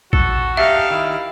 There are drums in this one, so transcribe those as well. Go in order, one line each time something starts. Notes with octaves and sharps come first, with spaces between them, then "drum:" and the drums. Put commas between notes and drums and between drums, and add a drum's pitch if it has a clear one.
F#4 A4, drum: kick A#1
D4 D#4 G4 A4 E5 F5
D#3 E4